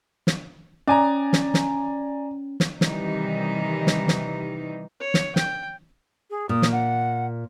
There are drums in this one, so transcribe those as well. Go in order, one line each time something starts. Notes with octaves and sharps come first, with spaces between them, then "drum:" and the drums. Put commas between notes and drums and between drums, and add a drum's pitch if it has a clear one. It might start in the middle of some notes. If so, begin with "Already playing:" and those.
drum: snare
C#4 D5 G#5 A#5
drum: snare
drum: snare
drum: snare
C3 D#3 E3 G3 D#4, drum: snare
drum: snare
drum: snare
C#5
drum: snare
G5, drum: snare
G#4
A#2 D#6
drum: snare
F#5